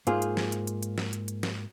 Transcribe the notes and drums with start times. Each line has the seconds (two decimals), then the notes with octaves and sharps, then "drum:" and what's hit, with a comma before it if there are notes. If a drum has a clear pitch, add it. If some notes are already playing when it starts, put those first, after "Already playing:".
0.07 G#2 A#3 F4 G#4 C5, drum: hi-hat
0.22 drum: hi-hat
0.37 drum: snare
0.52 drum: hi-hat
0.67 drum: hi-hat
0.83 drum: hi-hat
0.98 drum: snare
1.13 drum: hi-hat
1.28 drum: hi-hat
1.43 drum: snare